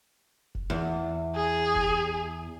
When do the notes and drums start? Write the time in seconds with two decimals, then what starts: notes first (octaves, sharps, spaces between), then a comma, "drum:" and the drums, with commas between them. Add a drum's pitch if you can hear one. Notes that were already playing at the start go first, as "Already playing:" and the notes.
0.55 drum: kick F1
0.70 E2
1.36 G#4
1.75 drum: kick F1